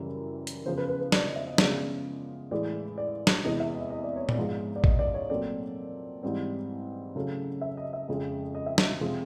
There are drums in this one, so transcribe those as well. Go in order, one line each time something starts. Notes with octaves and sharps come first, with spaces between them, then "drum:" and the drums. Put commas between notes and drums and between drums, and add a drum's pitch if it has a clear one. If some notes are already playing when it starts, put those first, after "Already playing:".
Already playing: F#2 C#3 E3 G3
drum: hi-hat
E2 C#3 F3 C5
B4
B4
B4
D5, drum: snare
D#5
E5
D#5
C#3 F3 G#3 B3 D5, drum: snare
A2 E3 G#3 D5
D5
drum: snare
E2 C3 E3 G#3 D#5
E5
D#5
D#5
D5
C#5
D5, drum: tom A#2
G#2 F3 G#3 B3
D5
D#5, drum: kick A1
D5
C#5
A#2 F#3 A3 C4 D5
G#2 E3 G3 C4
C#3 F#3 A3
E5
D#5
E5
F2 C#3 F3 G#3
D#5
E5
D#5, drum: snare
C3 F3 G#3 C4